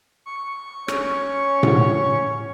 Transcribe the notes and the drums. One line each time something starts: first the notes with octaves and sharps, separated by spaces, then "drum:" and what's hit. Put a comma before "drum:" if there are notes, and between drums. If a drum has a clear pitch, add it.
C#6
C#4 C#5, drum: rim click
drum: tom A2